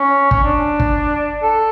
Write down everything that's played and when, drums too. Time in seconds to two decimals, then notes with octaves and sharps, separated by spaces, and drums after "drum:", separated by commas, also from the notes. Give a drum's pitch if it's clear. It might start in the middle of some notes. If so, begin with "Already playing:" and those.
Already playing: C#4
0.31 C#4, drum: kick
0.44 D4
0.80 drum: kick
1.42 A4